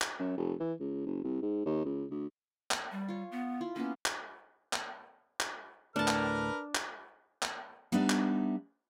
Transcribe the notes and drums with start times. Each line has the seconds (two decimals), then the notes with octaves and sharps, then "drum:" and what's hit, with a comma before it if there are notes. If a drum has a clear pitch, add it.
0.01 drum: clap
0.19 F#2
0.38 F1
0.60 E3
0.80 C#2
1.06 F#1
1.24 C2
1.43 G#2
1.66 D#2
1.85 C#2
2.11 D2
2.71 drum: clap
2.92 G3
3.09 F4 C#5
3.32 B3
3.61 E4 F4
3.76 A#3 B3 C#4
4.06 drum: clap
4.73 drum: clap
5.40 drum: clap
5.96 D2 A2 A3 D4 A#4 B4 A5 F6
6.08 drum: clap
6.75 drum: clap
7.42 drum: clap
7.92 G3 B3 D4 D#4 D5 E5
8.10 drum: clap